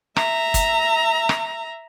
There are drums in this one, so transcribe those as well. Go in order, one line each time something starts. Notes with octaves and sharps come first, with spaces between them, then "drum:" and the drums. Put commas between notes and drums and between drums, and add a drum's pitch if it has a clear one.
E5 A#5, drum: rim click
drum: kick, hi-hat
drum: rim click